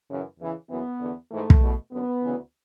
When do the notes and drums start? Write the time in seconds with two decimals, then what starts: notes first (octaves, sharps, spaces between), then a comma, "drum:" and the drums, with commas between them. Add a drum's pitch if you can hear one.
0.09 F#2 C#3 E3
0.39 E2 C#3 E3
0.69 F#2 C#3 E3 B3
1.00 E2 D3
1.30 G#2 E3 A3
1.50 drum: kick
1.61 E2 B2
1.91 F#2 D3 B3
2.22 D2 C#3 E3